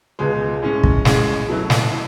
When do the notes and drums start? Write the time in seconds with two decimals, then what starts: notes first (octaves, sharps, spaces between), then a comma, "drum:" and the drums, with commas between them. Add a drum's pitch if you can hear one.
0.19 C#2 B2 G#3
0.62 A2 G#3 C#4
0.83 drum: kick
1.05 A2 G#3 C#4, drum: snare
1.48 B2 F#3 A3 E4
1.70 drum: snare
1.91 E4